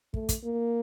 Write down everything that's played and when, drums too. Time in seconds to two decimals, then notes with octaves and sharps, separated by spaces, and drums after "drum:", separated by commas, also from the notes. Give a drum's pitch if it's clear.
0.14 A3, drum: kick
0.29 drum: kick, hi-hat
0.44 A#3